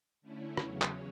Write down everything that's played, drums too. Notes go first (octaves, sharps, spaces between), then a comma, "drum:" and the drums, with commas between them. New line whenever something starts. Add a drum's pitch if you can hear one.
D3 A3 C#4 E4
E2 C#3 F#3 C#4, drum: rim click
drum: clap